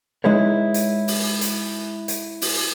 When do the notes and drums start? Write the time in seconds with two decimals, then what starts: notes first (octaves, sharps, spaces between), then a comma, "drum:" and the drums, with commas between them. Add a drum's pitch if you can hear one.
0.24 G#3 D#4 E4 G#4 B4 C#5
0.74 drum: hi-hat
1.08 drum: open hi-hat
1.41 drum: hi-hat
2.08 drum: hi-hat
2.42 drum: open hi-hat